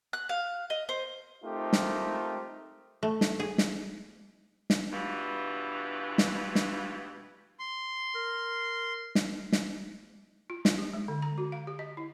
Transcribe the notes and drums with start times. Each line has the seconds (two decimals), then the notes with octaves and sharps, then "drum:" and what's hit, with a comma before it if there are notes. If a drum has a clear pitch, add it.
0.13 F#6
0.29 F5
0.70 D#5
0.89 C5
1.44 A3 C4 D#4 F4 G4 A#4
1.73 drum: snare
3.03 A3
3.21 drum: snare
3.40 G#4
3.58 drum: snare
4.70 drum: snare
4.92 G2 B2 E3 F4
6.18 drum: snare
6.55 drum: snare
7.59 C6
8.15 A#4
9.15 drum: snare
9.52 drum: snare
10.50 F4
10.65 F4, drum: snare
10.78 G4
10.93 G#3
11.08 D3
11.22 A#5
11.38 F#4
11.52 F5
11.67 G4
11.79 D#5
11.97 E4